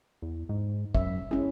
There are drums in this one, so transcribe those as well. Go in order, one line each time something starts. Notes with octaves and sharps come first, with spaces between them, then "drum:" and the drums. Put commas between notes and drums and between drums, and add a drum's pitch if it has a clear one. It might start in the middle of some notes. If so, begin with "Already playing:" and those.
E2
G#2
F#2 E5, drum: kick
G#3 C#4 E4